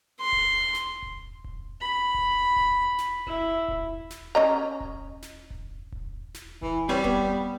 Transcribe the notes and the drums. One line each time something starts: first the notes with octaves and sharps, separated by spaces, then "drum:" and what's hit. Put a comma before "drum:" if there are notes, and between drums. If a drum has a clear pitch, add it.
C6
drum: kick D#1
drum: snare
drum: kick D#1
drum: kick D#1
B5
drum: kick D#1
drum: kick D#1
drum: snare
E4, drum: kick D#1
drum: kick D#1
drum: snare
C#4 D#5 A#5
drum: kick D#1
drum: snare
drum: kick D#1
drum: kick D#1
drum: snare
E3, drum: kick D#1
G3 C4 B4 C#5
B3, drum: kick D#1